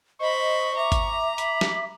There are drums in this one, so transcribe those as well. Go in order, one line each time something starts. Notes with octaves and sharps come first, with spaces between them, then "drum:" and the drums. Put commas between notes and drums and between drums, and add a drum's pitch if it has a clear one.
C5 D#5 B5 C#6
E5 A#5 D6
drum: kick G#1, hi-hat
B5, drum: hi-hat
drum: snare